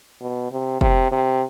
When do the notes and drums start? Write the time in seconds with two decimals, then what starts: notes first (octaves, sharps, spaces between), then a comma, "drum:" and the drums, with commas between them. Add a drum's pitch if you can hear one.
0.21 B2
0.52 C3
0.81 C3, drum: kick
1.12 C3